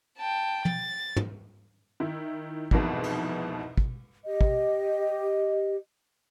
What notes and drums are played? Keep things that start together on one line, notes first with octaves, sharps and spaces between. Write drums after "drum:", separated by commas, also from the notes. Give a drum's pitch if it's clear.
G5 A5
A6, drum: tom
drum: tom
D#3 E4
C2 F2 G#2 B2 E3, drum: kick
drum: cymbal
drum: kick
G4 D#5
drum: kick